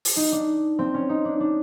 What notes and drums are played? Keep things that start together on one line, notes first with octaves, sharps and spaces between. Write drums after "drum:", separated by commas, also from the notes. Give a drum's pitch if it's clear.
drum: open hi-hat
D#4
D4
C4
C#4
D#4
D4
D4